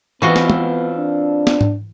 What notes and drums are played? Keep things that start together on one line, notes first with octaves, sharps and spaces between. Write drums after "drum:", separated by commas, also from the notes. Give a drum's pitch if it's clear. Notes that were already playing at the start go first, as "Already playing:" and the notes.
E3 B3 C4 F4 F#4 B4 D#5
drum: snare
drum: tom
D4
drum: snare
drum: tom G#2